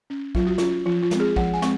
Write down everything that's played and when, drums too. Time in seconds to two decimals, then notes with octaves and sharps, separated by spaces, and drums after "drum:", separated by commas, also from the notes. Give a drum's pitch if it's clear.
0.10 C#4
0.35 F#3 F4, drum: kick
0.47 F#4
0.58 C#4 F4, drum: snare
0.86 F3 F4
1.03 F4
1.11 G#3 C4, drum: snare
1.20 G#4
1.36 F3 F#5, drum: kick
1.54 G#5
1.62 G#3 C4 C#6, drum: snare